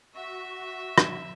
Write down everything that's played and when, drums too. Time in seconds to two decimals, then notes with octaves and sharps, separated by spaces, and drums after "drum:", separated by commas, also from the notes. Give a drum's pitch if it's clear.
0.15 F#4 E5
0.98 drum: rim click